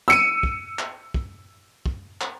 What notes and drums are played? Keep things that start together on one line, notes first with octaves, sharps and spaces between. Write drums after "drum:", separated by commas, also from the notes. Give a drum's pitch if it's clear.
E6 C#7 D#7
drum: kick
drum: clap
drum: kick
drum: kick
drum: clap